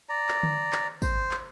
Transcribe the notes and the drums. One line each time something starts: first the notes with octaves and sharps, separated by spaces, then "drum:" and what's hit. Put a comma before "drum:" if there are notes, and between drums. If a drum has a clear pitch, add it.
D5 A#5
drum: clap
drum: tom D3
drum: clap
C5, drum: kick, tambourine
drum: clap